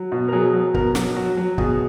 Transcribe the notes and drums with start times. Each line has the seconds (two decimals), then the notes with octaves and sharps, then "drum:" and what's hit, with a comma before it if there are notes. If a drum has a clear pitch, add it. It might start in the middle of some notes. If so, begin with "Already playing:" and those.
Already playing: F#3
0.12 B2
0.28 A#4
0.32 F#3 G#4
0.53 F#3
0.74 B2 A#4, drum: kick
0.95 F#3, drum: snare
1.16 F#3 F#4
1.37 F#3
1.58 B2 G#4, drum: kick